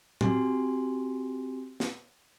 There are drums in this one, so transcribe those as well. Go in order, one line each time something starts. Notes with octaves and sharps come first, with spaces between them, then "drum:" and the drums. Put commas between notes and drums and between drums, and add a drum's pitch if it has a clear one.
C4 F#4 G4 G#5 C6, drum: tom
drum: snare